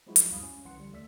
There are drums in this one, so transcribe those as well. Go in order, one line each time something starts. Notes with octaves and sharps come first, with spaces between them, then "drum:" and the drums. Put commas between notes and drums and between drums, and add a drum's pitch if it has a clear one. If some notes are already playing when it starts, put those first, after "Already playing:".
F3 F#3 G#3 D#4 E4 F#4
drum: hi-hat
C#2 F#2 G3 F5 B5 D#6
C#4
C2 E3 F#5 C6 C#7
D3 G3
D#2 A3 D5 E6 B6